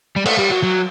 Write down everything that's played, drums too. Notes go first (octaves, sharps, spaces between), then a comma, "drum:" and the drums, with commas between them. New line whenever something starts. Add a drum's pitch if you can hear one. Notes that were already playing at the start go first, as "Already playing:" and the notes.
G3
A3, drum: cymbal
G3
F#3
F#3